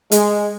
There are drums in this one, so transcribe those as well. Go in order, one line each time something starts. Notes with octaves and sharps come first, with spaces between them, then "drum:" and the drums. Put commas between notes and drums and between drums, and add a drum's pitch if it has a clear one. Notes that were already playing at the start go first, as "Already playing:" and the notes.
G#3, drum: hi-hat